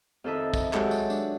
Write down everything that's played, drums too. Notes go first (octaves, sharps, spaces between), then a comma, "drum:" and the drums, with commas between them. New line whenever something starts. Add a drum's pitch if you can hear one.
F2 D#3 A4 D#5 E5
drum: kick, tambourine
F#3 G#3 F#4 G4 A4, drum: clap
drum: tambourine
D4, drum: tambourine